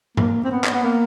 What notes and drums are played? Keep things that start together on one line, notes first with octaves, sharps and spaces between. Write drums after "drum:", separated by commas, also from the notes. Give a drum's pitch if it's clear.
A#3, drum: tom G2
C4
B3
drum: clap
B3
A#3